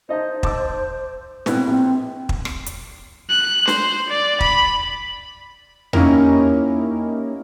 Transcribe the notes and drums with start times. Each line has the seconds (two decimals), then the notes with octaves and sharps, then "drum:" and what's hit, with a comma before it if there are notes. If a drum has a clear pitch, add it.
0.09 D#4 C5 D#5 A5
0.43 A5 D6 E6, drum: kick
1.46 B2 C4 E4 B4, drum: snare
1.67 A#1 C4
2.29 drum: kick
2.45 drum: rim click
2.66 drum: hi-hat
3.30 F#6
3.68 C5, drum: snare
4.09 D5
4.40 B5, drum: kick
5.93 A#3 C#4 D#4 E4 G4 A#4, drum: tom E2